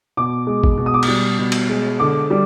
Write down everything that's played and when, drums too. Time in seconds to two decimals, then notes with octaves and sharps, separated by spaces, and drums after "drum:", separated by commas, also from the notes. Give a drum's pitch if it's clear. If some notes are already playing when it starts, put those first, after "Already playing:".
0.17 B2 D6
0.47 G#3
0.64 drum: kick G#1
0.78 B2
0.86 D#6
0.94 D6
1.03 D#6, drum: cymbal
1.08 G3
1.39 B2
1.52 drum: cymbal
1.69 G#3
2.00 D3 D6
2.30 G3